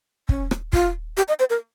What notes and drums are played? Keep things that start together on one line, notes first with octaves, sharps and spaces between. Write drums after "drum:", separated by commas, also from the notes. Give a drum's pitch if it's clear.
C#4, drum: kick
drum: rim click
F4, drum: kick
G4
D#5
C5
A#4